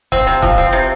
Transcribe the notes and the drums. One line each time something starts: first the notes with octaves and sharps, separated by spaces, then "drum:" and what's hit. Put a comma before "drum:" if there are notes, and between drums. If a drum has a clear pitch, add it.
C4, drum: kick
C3
F3, drum: kick
C4
C3